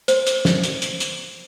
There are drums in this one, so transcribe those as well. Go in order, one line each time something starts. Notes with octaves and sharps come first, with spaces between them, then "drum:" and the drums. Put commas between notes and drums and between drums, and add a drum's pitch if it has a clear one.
C5, drum: hi-hat
drum: hi-hat
drum: snare
drum: hi-hat
drum: hi-hat
drum: hi-hat